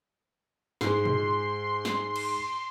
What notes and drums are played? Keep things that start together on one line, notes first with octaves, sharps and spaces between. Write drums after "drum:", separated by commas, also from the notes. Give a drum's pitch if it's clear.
G#2 G#3 C6, drum: snare
drum: tom A#2
drum: snare
drum: cymbal